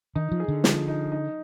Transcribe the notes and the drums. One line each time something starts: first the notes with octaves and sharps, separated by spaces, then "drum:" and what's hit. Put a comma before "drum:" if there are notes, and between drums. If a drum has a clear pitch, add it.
D#3 D#4
F3
G#4
D3
F3, drum: snare
D#4
D#4